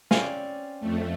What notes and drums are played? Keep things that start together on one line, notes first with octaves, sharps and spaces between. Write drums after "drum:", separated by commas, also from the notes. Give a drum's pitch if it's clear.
C4 C#4 D5 F5 G#5, drum: snare
F2 A3